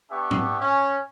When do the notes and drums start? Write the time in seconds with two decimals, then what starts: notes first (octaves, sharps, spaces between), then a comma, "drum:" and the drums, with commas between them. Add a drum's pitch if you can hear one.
0.10 B3 D4 G4 E5 C#6
0.31 drum: tom G#2
0.60 C#4